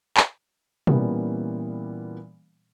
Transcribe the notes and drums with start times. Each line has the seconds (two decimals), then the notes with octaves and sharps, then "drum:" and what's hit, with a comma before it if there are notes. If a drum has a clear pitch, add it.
0.17 drum: clap
0.87 A#2 E3 G3 B3 C#4 A#4, drum: tom B2